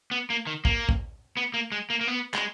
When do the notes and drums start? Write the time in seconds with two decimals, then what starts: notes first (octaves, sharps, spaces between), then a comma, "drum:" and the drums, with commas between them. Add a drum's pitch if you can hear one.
0.11 B3
0.30 A#3
0.47 D#3
0.65 A#3, drum: kick A1
0.89 drum: kick A1
1.37 B3
1.54 A#3
1.72 G#3
1.90 A#3
2.01 A#3
2.07 B3
2.34 G#3, drum: clap